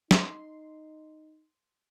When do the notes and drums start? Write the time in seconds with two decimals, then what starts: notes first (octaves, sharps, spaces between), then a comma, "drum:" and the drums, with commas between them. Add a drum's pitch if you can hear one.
0.11 D#4 C6, drum: snare